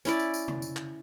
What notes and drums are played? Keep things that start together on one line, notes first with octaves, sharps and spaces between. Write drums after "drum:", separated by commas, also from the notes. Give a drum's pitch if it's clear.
C#4 E4 D5, drum: tambourine
drum: tambourine
drum: tambourine
drum: tom C3
drum: tambourine
drum: clap